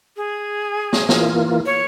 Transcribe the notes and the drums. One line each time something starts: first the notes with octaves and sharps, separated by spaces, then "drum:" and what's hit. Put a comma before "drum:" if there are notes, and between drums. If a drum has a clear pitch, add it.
G#4
drum: snare
E3 A#3 F4, drum: snare
C#5